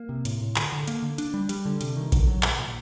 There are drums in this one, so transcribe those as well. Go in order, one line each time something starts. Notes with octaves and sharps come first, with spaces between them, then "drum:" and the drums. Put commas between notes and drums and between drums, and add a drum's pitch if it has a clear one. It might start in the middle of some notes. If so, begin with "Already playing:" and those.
Already playing: A#3
C3
A2, drum: hi-hat
A2
D3, drum: clap
D3
A#3, drum: hi-hat
D3
D4, drum: hi-hat
G3
G3, drum: hi-hat
D3
C3, drum: hi-hat
D#3
D3, drum: kick A#1, hi-hat
F#3
A#2, drum: clap
A#2